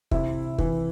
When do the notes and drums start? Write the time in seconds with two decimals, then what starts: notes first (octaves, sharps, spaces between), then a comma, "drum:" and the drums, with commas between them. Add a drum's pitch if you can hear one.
0.11 C3 E4, drum: kick
0.58 E3, drum: kick